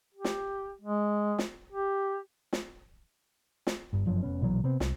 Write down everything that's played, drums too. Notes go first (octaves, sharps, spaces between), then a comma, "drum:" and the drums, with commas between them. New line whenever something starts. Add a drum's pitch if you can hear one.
G4
drum: snare
G#3
drum: snare
G4
drum: snare
drum: snare
G1 G2
F#1 G2 F3 F#3
F1 B2 B3 C#4
A#1 B2 E3 F#3
C3 B3 C4
C2, drum: snare